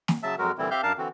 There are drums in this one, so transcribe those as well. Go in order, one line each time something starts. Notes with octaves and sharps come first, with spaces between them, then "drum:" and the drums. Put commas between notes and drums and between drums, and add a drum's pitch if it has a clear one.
drum: snare
C#3 F#3 E5 A5 E6
F2 F#3 G#3 F#4 A#4
A#2 D3 E3 G3 C4 E4
C4 G4 E5 F5 F6 G6
F#2 D4 A#4 F5 A5
D3 E3 C4 F#4